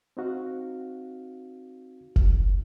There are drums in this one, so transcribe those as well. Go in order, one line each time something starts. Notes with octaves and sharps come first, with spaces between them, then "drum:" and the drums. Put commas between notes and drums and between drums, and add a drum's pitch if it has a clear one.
C4 D#4 F#4 F5
drum: kick